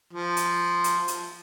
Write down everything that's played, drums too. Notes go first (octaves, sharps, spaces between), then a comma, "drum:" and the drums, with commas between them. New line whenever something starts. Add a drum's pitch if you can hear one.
F3
drum: hi-hat
drum: hi-hat
drum: hi-hat